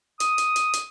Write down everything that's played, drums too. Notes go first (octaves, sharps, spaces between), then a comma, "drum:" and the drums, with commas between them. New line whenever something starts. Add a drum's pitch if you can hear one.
D#6, drum: hi-hat
drum: hi-hat
drum: hi-hat
drum: hi-hat